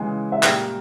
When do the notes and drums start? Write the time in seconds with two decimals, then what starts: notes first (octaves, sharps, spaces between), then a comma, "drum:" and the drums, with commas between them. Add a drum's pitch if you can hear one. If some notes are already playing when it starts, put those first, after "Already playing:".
Already playing: C#3 E3 G#3 G#5
0.32 E5
0.43 A#2 G3 A#3 G5, drum: clap